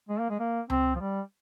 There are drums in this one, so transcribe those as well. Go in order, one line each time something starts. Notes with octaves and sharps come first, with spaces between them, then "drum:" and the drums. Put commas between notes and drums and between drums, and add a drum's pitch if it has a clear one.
G#3
A#3
G#3
A#3
C4, drum: tom C#2
F3
G3